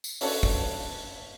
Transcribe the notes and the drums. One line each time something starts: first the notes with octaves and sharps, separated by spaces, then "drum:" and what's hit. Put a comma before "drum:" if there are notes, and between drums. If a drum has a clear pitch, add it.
drum: tambourine
C#4 D4 F#4 A4 B4 C#5, drum: open hi-hat
drum: kick